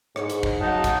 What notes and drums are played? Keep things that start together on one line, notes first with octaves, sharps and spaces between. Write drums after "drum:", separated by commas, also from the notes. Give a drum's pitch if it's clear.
G#2 C#5 C#7, drum: rim click
drum: hi-hat
drum: kick
C#3 F#3 D#4 F#5 A5
drum: kick, hi-hat